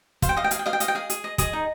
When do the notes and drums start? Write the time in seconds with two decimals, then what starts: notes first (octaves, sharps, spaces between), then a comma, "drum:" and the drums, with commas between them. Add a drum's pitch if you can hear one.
0.22 C5 F5, drum: kick, hi-hat
0.29 G5
0.37 D#5 F5
0.44 G5
0.51 G#4 F5, drum: hi-hat
0.59 G5
0.66 D#5 F5
0.73 G5
0.80 D#5 F5, drum: hi-hat
0.88 G5
0.95 G#4 F5
1.10 G#4, drum: hi-hat
1.24 D#5
1.38 G#4 D#5, drum: kick, hi-hat
1.53 D#4